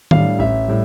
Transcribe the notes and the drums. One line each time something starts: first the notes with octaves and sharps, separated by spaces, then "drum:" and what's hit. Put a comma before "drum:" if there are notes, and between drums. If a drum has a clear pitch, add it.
A2 G3 D4 F5, drum: tom D#3
A1 E5
A2 G3